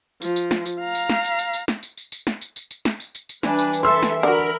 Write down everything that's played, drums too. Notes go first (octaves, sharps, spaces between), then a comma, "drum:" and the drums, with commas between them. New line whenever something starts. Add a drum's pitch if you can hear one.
F3, drum: tambourine
drum: tambourine
drum: snare
drum: tambourine
F5 A#5
drum: tambourine
drum: snare
drum: tambourine
drum: tambourine
drum: tambourine
drum: snare
drum: tambourine
drum: tambourine
drum: tambourine
drum: snare
drum: tambourine
drum: tambourine
drum: tambourine
drum: snare
drum: tambourine
drum: tambourine
drum: tambourine
E3 G3 D4 B4, drum: snare
drum: tambourine
drum: tambourine
A4 E5 C6 E6
drum: snare
D3 F#4 A#4 B5